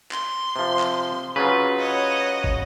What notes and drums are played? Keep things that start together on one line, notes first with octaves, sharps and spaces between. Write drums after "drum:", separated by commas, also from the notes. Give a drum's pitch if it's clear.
C6, drum: clap
C3 F3
drum: clap
C#3 F#3 F4 B4
C#5 D#5 F#5
drum: kick